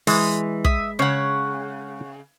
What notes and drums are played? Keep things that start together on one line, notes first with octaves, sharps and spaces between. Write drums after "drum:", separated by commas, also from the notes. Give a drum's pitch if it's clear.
E3 G#3, drum: open hi-hat
E5 D#6, drum: kick
C#3 C#5 F#5